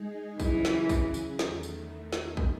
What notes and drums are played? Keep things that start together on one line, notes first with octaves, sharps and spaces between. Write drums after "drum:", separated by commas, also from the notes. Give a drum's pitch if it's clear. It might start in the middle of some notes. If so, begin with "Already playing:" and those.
Already playing: G#3 D#4 G#4 D#5
C#3 E3 F#3 C#4 G#4, drum: kick, tambourine
drum: snare
drum: kick, tambourine
drum: tambourine
E2 D#3 A3, drum: snare
drum: tambourine
drum: snare
drum: kick